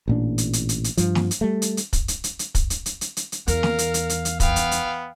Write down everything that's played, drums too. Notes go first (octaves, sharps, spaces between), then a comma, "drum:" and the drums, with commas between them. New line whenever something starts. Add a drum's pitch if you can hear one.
A1 A#2 D4
drum: hi-hat
drum: hi-hat
drum: hi-hat
drum: hi-hat
G2 F3, drum: hi-hat
drum: snare
drum: hi-hat
G3 A3
drum: hi-hat
drum: hi-hat
drum: kick, hi-hat
drum: hi-hat
drum: hi-hat
drum: hi-hat
drum: kick, hi-hat
drum: hi-hat
drum: hi-hat
drum: hi-hat
drum: hi-hat
drum: hi-hat
E2 A#4 F5, drum: hi-hat
drum: snare
drum: hi-hat
drum: hi-hat
drum: hi-hat
drum: hi-hat
B3 F5 G5, drum: kick, hi-hat
drum: hi-hat
drum: hi-hat